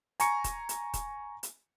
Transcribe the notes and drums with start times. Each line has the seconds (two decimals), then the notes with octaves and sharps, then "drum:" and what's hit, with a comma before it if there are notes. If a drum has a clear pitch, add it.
0.20 G#5 A#5 C#6 C#7, drum: hi-hat
0.44 drum: kick D#1, hi-hat
0.69 drum: hi-hat
0.94 drum: kick D#1, hi-hat
1.43 drum: hi-hat